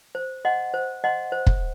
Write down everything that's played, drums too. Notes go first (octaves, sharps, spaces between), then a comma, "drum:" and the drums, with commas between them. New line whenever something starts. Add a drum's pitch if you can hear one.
C5
D#5 F#5 C6
C5
D#5 F#5 C6
C5
drum: kick